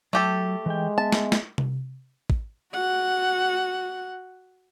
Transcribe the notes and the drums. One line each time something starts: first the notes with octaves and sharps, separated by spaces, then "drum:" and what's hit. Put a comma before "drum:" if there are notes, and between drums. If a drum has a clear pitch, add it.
F#3 A3 G4 A4
E3 G#3 G5
B3 E5 A5
drum: snare
drum: snare
drum: tom C3
drum: kick
F#4 F#5